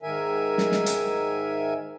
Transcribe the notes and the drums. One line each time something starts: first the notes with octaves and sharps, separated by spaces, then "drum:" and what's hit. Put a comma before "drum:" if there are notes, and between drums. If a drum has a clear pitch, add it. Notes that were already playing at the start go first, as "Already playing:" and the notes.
G#2 D#3 A#4 E5 G#5
drum: snare
drum: snare
drum: hi-hat